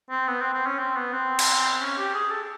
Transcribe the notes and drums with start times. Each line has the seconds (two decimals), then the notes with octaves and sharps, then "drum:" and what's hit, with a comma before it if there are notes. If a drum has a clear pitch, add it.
0.10 C4
0.28 B3
0.41 C4
0.53 C4
0.67 C#4
0.79 C4
0.96 B3
1.13 C4
1.39 drum: cymbal
1.81 C#4
1.98 G4
2.14 G#4
2.31 A4